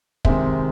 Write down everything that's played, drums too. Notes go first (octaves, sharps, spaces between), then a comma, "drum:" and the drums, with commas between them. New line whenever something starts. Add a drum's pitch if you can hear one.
C3 D#3 G#3 C4 E5, drum: kick